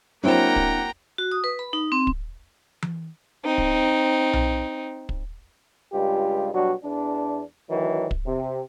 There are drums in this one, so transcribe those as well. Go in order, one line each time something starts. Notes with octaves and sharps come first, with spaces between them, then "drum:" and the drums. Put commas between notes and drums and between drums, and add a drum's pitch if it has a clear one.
F#3 A#3 C4 D4 E4 F#5 G5 A#5
drum: kick
F#4
D#6
B4
B5
D#4
C4
drum: kick
drum: tom E3
C4 D#4
drum: kick
drum: tom B1
drum: kick
C#2 G2 G#3 F4 G4
B2 F#3 G3 D4 F#4
E2 D4
D2 D#3 E3 F#3
drum: kick
C3